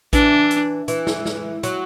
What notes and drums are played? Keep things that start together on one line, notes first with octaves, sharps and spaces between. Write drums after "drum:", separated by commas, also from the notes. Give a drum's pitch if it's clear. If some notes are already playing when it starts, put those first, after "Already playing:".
E3 D4, drum: kick A#1, hi-hat
drum: hi-hat
E3, drum: hi-hat
drum: snare
drum: snare
F#3, drum: hi-hat